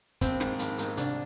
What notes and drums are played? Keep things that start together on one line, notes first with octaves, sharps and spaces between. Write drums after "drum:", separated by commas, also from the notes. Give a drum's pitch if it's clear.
A#1 C4, drum: kick, hi-hat
G#2 D#3, drum: snare
A#1, drum: hi-hat
G#2 D#3, drum: hi-hat
C2 D4, drum: hi-hat